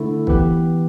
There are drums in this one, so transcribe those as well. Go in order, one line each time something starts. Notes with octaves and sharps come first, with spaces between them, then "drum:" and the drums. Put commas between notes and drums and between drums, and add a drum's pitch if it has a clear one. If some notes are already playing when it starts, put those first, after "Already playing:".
Already playing: D3 A3 E4
E3 B3 G4 B4, drum: kick